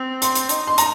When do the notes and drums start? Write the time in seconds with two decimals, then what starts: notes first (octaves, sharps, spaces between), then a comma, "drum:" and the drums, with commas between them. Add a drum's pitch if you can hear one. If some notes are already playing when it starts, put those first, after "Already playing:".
Already playing: C4
0.22 C6, drum: hi-hat
0.36 drum: hi-hat
0.49 D#4, drum: hi-hat
0.67 C6
0.78 A#5, drum: hi-hat